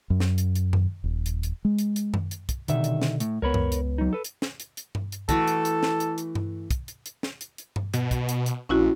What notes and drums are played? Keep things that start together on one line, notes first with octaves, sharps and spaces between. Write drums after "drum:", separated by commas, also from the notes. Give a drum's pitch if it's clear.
F#2
drum: snare
drum: hi-hat
drum: hi-hat
drum: tom F#2
D#1
drum: hi-hat
drum: hi-hat
G#3
drum: hi-hat
drum: hi-hat
drum: tom F#2
drum: hi-hat
drum: kick, hi-hat
C2 B2 D3 D#3 E5, drum: hi-hat
drum: hi-hat
drum: snare
A2, drum: hi-hat
C#2 B3 A#4 C#5 B5
drum: tom F#2
drum: hi-hat
F#3 D#4
A4 B4
drum: hi-hat
drum: snare
drum: hi-hat
drum: hi-hat
drum: tom G2
drum: hi-hat
E3 A3 F#4 A4, drum: kick, hi-hat
drum: hi-hat
drum: hi-hat
drum: snare
drum: hi-hat
drum: hi-hat
drum: tom G2
drum: kick, hi-hat
drum: hi-hat
drum: hi-hat
drum: snare
drum: hi-hat
drum: hi-hat
drum: tom G2
B2, drum: hi-hat
drum: kick, hi-hat
drum: hi-hat
drum: hi-hat
A#1 C#4 E4 F#4